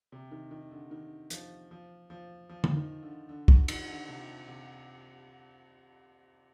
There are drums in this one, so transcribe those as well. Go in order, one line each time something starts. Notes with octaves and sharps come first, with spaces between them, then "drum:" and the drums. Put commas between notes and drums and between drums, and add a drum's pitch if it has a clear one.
C3
D#3
D#3
D3
D#3
F3, drum: hi-hat
F3
F3
F3
drum: tom D3
D#3
D3
D3
D3, drum: kick
D#3, drum: cymbal
D3
C3
C3